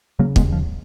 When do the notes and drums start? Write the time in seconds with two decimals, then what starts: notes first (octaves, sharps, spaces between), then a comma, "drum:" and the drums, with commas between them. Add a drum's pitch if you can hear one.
0.19 C#3 F#3 A#3
0.36 G#3 B3, drum: kick
0.44 D#2
0.52 F3